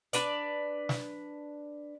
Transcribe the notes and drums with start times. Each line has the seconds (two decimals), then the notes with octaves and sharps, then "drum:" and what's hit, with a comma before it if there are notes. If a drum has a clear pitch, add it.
0.13 D4 B4 D5, drum: hi-hat
0.89 drum: snare